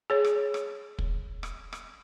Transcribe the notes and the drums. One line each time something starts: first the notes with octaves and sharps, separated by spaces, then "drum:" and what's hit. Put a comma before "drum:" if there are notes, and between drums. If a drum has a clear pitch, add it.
G#4 C#5
drum: rim click
drum: rim click
drum: kick
drum: rim click
drum: rim click